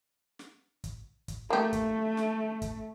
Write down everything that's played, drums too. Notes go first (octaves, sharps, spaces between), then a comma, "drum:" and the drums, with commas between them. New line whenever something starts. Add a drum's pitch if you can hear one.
drum: snare
drum: kick, hi-hat
drum: kick, hi-hat
A3 A#3 G4
drum: kick, hi-hat
drum: snare
drum: kick, hi-hat